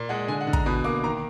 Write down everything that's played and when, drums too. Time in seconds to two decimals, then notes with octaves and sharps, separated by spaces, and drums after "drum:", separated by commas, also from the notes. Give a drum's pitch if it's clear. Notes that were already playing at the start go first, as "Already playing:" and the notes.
Already playing: A#2
0.09 G#3 F#5
0.28 D3 G#5
0.41 F#5
0.47 D3
0.53 A#5, drum: kick
0.66 B2 B5
0.84 A#3 D6
1.03 D#3 A#5